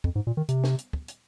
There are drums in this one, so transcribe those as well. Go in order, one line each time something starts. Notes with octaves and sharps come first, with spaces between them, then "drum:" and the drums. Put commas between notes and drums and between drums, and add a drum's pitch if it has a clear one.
F2, drum: kick
G#2
A#2
D#3
C3, drum: hi-hat
drum: snare
drum: hi-hat
drum: kick
drum: hi-hat